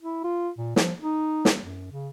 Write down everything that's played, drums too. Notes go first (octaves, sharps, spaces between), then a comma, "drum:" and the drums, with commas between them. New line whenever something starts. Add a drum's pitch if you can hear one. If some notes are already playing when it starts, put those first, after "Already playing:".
E4
F4
A#2
F3, drum: snare
D#4
drum: snare
F#2
C#3